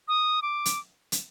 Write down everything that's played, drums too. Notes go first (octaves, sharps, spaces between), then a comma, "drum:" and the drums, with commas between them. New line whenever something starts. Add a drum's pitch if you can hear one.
D#6
D6
drum: hi-hat
drum: hi-hat